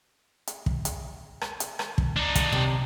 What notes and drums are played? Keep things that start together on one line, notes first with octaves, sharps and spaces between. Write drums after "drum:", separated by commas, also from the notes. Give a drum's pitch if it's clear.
drum: hi-hat
drum: kick
drum: hi-hat
drum: rim click
drum: hi-hat
drum: rim click
drum: kick
D4 D#4
drum: kick, hi-hat
C3